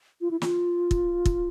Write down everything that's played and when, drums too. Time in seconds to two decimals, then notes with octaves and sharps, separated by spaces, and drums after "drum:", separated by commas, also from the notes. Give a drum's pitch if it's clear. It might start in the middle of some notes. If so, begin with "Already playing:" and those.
0.21 F4
0.31 E4
0.42 F4, drum: snare
0.91 drum: kick
1.25 drum: kick